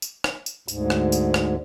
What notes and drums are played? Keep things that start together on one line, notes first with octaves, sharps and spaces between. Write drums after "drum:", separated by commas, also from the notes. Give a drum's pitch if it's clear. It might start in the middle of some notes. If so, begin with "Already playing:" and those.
drum: tambourine
drum: rim click
drum: tambourine
D2 G#2, drum: tambourine
drum: rim click
drum: tambourine
drum: rim click